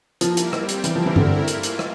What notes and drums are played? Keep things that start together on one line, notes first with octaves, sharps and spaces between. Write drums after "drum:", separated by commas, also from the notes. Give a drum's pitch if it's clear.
F3 G3 A#3 E4 A#4, drum: hi-hat
drum: hi-hat
G3 C4 G4, drum: rim click
drum: hi-hat
E3 G3 C4 E4 A#4, drum: hi-hat
F3
E3
D3 A3 E4 A#4, drum: tom G2
E3 A#3 F4, drum: hi-hat
drum: hi-hat
drum: rim click